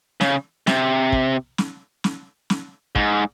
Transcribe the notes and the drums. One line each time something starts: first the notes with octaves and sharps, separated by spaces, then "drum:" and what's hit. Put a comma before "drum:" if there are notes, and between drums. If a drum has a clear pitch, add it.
C#3, drum: snare
C3, drum: snare
drum: kick
drum: snare
drum: snare
drum: snare
G#2, drum: kick